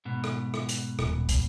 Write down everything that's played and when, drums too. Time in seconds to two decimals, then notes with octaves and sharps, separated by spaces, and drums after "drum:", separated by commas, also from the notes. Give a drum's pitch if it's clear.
0.05 G#2 B2
0.24 drum: rim click
0.54 drum: rim click
0.69 drum: hi-hat
0.99 D#1, drum: rim click
1.29 drum: kick, hi-hat